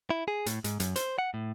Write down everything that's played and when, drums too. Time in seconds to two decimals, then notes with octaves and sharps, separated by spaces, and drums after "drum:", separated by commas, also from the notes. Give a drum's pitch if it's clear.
0.10 E4
0.28 G#4
0.46 A2, drum: hi-hat
0.64 G#2, drum: hi-hat
0.80 F#2, drum: hi-hat
0.96 C5, drum: hi-hat
1.18 F#5
1.34 A2